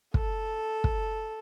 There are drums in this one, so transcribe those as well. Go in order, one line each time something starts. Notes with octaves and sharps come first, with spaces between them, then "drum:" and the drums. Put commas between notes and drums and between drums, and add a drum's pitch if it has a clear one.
A4, drum: kick
drum: kick